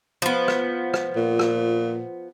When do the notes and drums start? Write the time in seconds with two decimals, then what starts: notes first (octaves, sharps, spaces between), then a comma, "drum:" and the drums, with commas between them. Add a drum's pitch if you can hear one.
0.22 F3 B3
0.48 drum: rim click
0.94 drum: rim click
1.16 A#2
1.39 drum: rim click